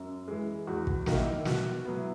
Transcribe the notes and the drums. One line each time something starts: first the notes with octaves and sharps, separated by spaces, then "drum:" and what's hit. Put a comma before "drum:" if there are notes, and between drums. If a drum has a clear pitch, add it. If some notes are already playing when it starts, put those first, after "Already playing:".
Already playing: F#2
E3 G#3
E2 F#4
drum: kick
D#3 A#3 D#4 F#4, drum: snare
E4
E4
B2 F#4, drum: snare
F#3 B3
E4